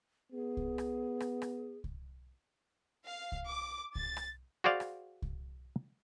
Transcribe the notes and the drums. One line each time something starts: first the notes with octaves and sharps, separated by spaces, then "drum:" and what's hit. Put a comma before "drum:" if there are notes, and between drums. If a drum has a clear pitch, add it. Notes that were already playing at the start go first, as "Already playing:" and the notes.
B3 G#4
drum: kick C2
drum: rim click
drum: rim click
drum: rim click
drum: kick C2
F5
drum: kick C2
D6
A6, drum: kick C2
drum: rim click
F#4 G#4 C5 D5 F5
drum: rim click
drum: kick C2